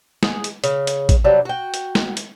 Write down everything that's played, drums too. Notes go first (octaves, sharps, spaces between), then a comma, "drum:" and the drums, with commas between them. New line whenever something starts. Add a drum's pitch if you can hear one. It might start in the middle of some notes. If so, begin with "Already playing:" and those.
G#4, drum: snare
drum: hi-hat
C#3, drum: hi-hat
drum: hi-hat
drum: kick A1, hi-hat
C3 F#3 G3 D4
F#4 G5
drum: hi-hat
drum: snare
drum: hi-hat